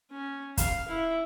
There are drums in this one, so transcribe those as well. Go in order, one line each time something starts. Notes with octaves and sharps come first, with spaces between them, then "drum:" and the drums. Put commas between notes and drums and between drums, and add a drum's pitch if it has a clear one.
C#4
F5, drum: kick, hi-hat
E4